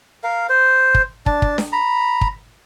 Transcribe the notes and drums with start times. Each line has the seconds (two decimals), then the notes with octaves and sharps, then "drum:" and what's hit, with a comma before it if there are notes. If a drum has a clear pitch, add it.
0.24 A#4 F5
0.49 C5
0.95 drum: kick
1.26 D4 A5, drum: kick
1.42 drum: kick
1.58 drum: snare D4
1.72 A#5 B5
2.21 drum: kick